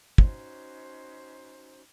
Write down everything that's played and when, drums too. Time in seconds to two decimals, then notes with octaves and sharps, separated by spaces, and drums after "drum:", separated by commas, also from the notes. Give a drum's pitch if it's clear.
0.18 C#4 D#4 F#4 C5, drum: kick